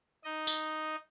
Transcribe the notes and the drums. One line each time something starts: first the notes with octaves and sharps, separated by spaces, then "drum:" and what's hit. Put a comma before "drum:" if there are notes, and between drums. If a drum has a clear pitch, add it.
D#4 D#5
drum: tambourine